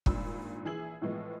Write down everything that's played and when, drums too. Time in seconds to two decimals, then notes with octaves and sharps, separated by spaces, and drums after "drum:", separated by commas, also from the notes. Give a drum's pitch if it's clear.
0.06 G#1 G2 A#2 B5 E6, drum: kick
0.65 A#1 E3 G#4 E6 G#6 F#7
1.02 A2 E3 F3 G#3 B3